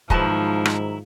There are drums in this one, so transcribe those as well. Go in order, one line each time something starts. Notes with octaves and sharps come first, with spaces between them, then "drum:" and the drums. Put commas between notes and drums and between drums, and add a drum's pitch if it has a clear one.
G#2 D#3 F3 F#3 D#4 E4 B4 A5, drum: kick
drum: rim click